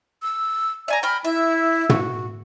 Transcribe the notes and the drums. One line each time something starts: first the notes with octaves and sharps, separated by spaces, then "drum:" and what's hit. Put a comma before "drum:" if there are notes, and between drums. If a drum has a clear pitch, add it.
E6
D5 E5 G#5 A#5
G5 A#5 B5 F6
E4 E5
F#4, drum: tom